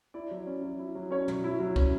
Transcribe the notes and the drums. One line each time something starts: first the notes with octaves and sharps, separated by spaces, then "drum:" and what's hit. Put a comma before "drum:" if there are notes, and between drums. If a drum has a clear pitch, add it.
E4 D5
F#3
C#4
F#3
E4
F#3
C#4 C#5
F#3, drum: tom
E4
F#3
C#4, drum: kick